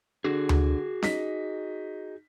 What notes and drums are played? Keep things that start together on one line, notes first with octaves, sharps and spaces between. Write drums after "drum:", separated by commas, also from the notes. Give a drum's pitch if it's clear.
D3 F#4 G#4
drum: tom D2
D#4 B6, drum: snare C#4